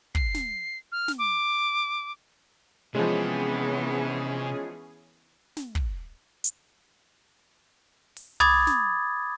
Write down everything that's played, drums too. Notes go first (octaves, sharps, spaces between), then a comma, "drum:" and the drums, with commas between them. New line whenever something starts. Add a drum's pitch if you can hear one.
C7, drum: kick
drum: snare
F6
drum: snare
D6
C3 E3 F3 G#3 B3 C#4 G#4
drum: snare
drum: kick
drum: hi-hat
drum: open hi-hat
B5 D6 D#6 G#6 A6, drum: tom
drum: snare